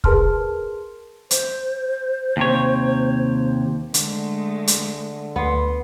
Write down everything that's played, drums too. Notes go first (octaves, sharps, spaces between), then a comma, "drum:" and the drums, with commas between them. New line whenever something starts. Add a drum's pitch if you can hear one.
G#4 A#4 B4 A5 C6 F6, drum: kick
C5, drum: hi-hat
D#2 C3 C#5
D3 G#3 A3, drum: hi-hat
drum: hi-hat
D2 B3 C6